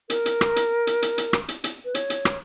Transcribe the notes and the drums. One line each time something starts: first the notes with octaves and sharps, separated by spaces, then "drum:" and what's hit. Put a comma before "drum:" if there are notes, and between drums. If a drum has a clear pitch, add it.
A#4, drum: hi-hat
drum: hi-hat
drum: rim click
drum: hi-hat
drum: hi-hat
drum: hi-hat
drum: hi-hat
drum: rim click
drum: hi-hat
drum: hi-hat
B4
C#5, drum: hi-hat
drum: hi-hat
drum: rim click